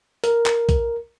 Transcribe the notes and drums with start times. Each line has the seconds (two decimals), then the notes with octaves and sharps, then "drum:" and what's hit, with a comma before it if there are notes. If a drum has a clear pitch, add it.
0.24 A#4, drum: hi-hat
0.46 drum: clap
0.69 drum: kick B1, hi-hat